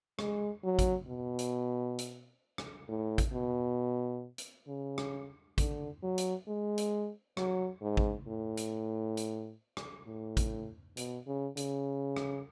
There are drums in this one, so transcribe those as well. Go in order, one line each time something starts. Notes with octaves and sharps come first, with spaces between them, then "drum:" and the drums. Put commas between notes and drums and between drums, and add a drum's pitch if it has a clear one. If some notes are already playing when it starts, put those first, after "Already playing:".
G#3, drum: rim click
F#3
drum: kick A1, hi-hat
B2
drum: hi-hat
drum: hi-hat
drum: rim click
A2
drum: kick A1, hi-hat
B2
drum: hi-hat
C#3
drum: rim click
D3, drum: kick A1, hi-hat
F#3
drum: hi-hat
G#3
drum: hi-hat
F#3, drum: rim click
G#2
drum: kick A1
A2
drum: hi-hat
drum: hi-hat
drum: rim click
A2
drum: kick A1, hi-hat
B2, drum: hi-hat
C#3
C#3, drum: hi-hat
drum: rim click